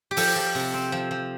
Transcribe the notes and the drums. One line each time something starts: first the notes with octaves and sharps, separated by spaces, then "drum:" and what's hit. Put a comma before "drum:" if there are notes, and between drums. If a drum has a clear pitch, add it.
G4
F3 A4, drum: open hi-hat
F3
C3
C4
F3
F3